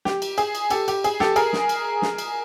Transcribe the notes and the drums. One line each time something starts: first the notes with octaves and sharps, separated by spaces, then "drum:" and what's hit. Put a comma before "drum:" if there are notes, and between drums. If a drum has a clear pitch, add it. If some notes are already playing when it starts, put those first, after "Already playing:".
G4, drum: snare
drum: cymbal
G#4, drum: cymbal
drum: cymbal
G4 A4, drum: cymbal
G4, drum: cymbal
G#4, drum: cymbal
G4 A4, drum: snare
G#4 A#4, drum: cymbal
drum: snare
drum: cymbal
drum: snare
drum: cymbal